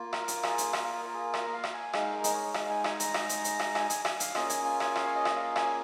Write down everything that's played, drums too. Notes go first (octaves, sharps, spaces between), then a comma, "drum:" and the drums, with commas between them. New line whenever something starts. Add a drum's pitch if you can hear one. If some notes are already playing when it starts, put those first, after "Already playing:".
Already playing: A#3 F4
A#4, drum: rim click
drum: hi-hat
G#4, drum: rim click
drum: hi-hat
A#4, drum: rim click
A#4
A#4
G#4
A#4, drum: rim click
F5
drum: rim click
G#5
G#3 D#4 G#4 F5, drum: rim click
A#4
D#5, drum: hi-hat
C#5
F5, drum: rim click
G#5
G#5, drum: rim click
A#5, drum: hi-hat
drum: rim click
drum: hi-hat
drum: hi-hat
drum: rim click
G#5, drum: rim click
G#5, drum: hi-hat
G#5, drum: rim click
F5, drum: hi-hat
A#3 C#4 F4 G#4 D#5, drum: rim click
G#5, drum: hi-hat
G#5
G#5, drum: rim click
F5, drum: rim click
C#5
D#5
drum: rim click
F5
G#5, drum: rim click